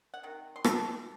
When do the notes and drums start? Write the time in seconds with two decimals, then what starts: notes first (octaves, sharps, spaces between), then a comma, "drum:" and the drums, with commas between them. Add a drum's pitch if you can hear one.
0.14 F#5
0.23 C3 D#3
0.56 C6
0.64 A5, drum: rim click